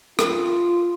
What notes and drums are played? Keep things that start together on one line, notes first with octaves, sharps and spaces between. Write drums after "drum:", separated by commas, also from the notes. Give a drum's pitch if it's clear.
F4, drum: rim click